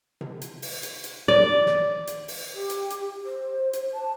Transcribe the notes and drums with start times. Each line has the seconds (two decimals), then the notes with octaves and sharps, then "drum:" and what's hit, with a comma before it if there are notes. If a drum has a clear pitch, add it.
0.21 drum: tom C3
0.42 drum: hi-hat
0.62 drum: open hi-hat
0.83 drum: hi-hat
1.04 drum: hi-hat
1.28 D5
1.66 drum: snare
2.07 drum: hi-hat
2.28 drum: open hi-hat
2.54 G4
2.70 drum: hi-hat
2.90 drum: hi-hat
3.26 C5
3.73 drum: hi-hat
3.94 A5